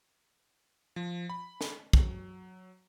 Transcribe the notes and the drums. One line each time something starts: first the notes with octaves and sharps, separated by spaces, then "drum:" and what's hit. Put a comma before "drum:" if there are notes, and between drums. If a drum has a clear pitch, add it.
F3
B5
drum: snare
F#3, drum: kick